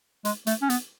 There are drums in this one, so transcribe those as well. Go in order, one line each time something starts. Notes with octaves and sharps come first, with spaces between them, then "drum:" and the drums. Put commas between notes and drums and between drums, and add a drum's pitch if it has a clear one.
G#3, drum: hi-hat
A3, drum: hi-hat
C#4
B3, drum: hi-hat